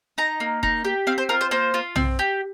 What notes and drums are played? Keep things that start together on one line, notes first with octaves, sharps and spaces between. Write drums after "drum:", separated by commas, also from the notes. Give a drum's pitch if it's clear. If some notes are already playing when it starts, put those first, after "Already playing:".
D#4 A#5
A#3
D#4, drum: kick E1
G4
C4 F5
C5
F4 A#4
C5
A#3 C5
F4
C4, drum: tom B1
G4